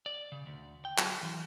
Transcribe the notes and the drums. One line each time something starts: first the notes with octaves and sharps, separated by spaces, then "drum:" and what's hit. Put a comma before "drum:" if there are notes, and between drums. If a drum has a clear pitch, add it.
D5
C#3
D2
G5
F#3, drum: clap
E3